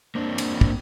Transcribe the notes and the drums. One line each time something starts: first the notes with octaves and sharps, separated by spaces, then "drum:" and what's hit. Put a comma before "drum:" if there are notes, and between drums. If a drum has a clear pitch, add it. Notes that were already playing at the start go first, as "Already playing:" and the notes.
A#3 C4 D4
drum: cymbal
drum: kick